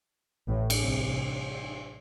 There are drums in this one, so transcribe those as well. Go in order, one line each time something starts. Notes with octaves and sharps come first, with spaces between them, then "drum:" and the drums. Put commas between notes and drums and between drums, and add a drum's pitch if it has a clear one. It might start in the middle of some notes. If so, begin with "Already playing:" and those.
A1 A2
drum: cymbal
C2 C3